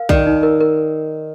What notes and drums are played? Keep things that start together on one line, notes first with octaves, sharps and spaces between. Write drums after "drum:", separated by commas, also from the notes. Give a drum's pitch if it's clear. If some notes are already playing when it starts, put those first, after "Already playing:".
Already playing: A#4 F5
D#3 D5, drum: kick B1
D#4
A#4
A#4